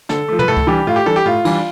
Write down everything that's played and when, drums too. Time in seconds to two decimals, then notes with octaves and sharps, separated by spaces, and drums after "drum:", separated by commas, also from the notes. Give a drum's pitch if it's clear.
0.09 D3 A4, drum: snare
0.28 F3 A3
0.39 B4, drum: tom
0.48 A2 A4
0.57 drum: kick C#2
0.67 E3 G3 D4 G4
0.87 A2 F4
0.96 G4
1.06 E3 G3 D4 A4
1.16 G4
1.25 A2 F4
1.45 E3 G3 D4, drum: cymbal